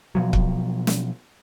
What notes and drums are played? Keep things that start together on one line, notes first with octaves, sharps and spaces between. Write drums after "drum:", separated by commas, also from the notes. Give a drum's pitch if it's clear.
B2 F3 F#3
drum: kick
drum: snare